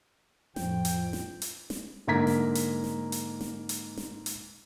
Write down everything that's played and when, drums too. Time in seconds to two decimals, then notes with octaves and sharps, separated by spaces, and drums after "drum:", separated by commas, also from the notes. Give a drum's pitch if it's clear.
0.56 F2 A2 F3 G5, drum: snare
0.85 drum: hi-hat
1.13 drum: snare
1.42 drum: hi-hat
1.70 drum: snare
2.07 G#2 D3 A#3 A#5 G#6 B6
2.27 drum: snare
2.55 drum: hi-hat
2.84 drum: snare
3.12 drum: hi-hat
3.41 drum: snare
3.69 drum: hi-hat
3.97 drum: snare
4.26 drum: hi-hat